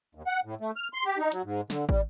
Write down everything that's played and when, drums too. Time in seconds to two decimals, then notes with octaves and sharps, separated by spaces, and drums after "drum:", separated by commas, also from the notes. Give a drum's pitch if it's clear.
0.15 D#2
0.27 F#5
0.45 A2
0.61 A3
0.76 F6
0.93 C6
1.05 G4
1.18 D#4
1.32 F#3, drum: hi-hat
1.44 G#2
1.70 D3, drum: snare
1.89 G3, drum: kick